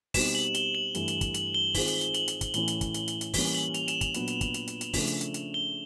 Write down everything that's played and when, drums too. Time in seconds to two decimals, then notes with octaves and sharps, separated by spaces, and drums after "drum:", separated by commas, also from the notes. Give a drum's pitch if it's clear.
0.14 B2 G3 C4 D#4 E7, drum: kick, open hi-hat
0.35 F#7
0.54 G7, drum: hi-hat
0.75 F#7
0.95 G2 E3 A3, drum: hi-hat
1.08 drum: hi-hat
1.21 drum: kick, hi-hat
1.34 F#7, drum: hi-hat
1.54 G7
1.75 D#3 G#3 C4 F4 G#4, drum: kick, open hi-hat
1.88 drum: hi-hat
2.01 drum: hi-hat
2.14 F#7, drum: hi-hat
2.28 drum: hi-hat
2.41 drum: kick, hi-hat
2.54 A2 E3 A3 C#4 E4 G7, drum: hi-hat
2.68 drum: hi-hat
2.81 drum: kick, hi-hat
2.94 drum: hi-hat
3.08 drum: hi-hat
3.21 drum: hi-hat
3.34 E3 G3 A#3 C#4 G7, drum: kick, open hi-hat
3.55 F#7
3.74 F7, drum: hi-hat
3.88 E7, drum: hi-hat
4.01 F7, drum: kick, hi-hat
4.14 A#2 F#3 B3 D4, drum: hi-hat
4.28 drum: hi-hat
4.41 drum: kick, hi-hat
4.54 drum: hi-hat
4.67 drum: hi-hat
4.81 drum: hi-hat
4.94 C#3 F3 A3 D4, drum: kick, open hi-hat
5.07 drum: hi-hat
5.21 drum: hi-hat
5.34 drum: hi-hat
5.54 G7